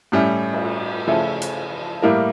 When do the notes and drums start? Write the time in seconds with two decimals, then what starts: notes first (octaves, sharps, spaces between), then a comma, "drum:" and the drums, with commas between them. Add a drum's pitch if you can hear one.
0.12 A2 G3 C#4 E4
0.53 drum: cymbal
1.07 C#3 F3 A3 C#4 E4
1.42 drum: hi-hat
2.02 A2 G3 A#3 E4 A#4